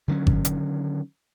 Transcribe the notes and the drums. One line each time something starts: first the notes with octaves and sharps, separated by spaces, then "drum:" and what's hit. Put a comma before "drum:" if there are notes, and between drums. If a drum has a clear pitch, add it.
D3 D#3 F#3 C#4
drum: kick G#1
drum: hi-hat